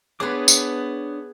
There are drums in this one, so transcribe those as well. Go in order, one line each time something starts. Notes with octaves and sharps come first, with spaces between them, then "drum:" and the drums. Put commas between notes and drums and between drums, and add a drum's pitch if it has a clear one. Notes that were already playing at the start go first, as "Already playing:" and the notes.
B3 D4 G#4 B4 C#5 D6
drum: tambourine